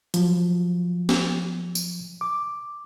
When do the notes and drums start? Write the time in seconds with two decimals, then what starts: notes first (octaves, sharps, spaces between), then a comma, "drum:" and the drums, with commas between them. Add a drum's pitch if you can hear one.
0.14 F3 F#3, drum: hi-hat
1.09 drum: snare
1.75 drum: tambourine
2.21 D6